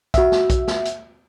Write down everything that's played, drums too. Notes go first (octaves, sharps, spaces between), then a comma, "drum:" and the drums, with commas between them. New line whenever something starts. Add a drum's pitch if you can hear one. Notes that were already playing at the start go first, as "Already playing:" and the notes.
F#4 E5, drum: kick B1, hi-hat
drum: snare
drum: kick B1, hi-hat
drum: snare
drum: hi-hat